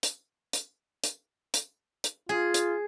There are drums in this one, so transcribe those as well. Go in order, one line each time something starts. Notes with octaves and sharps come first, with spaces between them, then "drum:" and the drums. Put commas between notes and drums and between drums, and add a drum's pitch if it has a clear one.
drum: hi-hat
drum: hi-hat
drum: hi-hat
drum: hi-hat
drum: hi-hat
F4 G#4
drum: hi-hat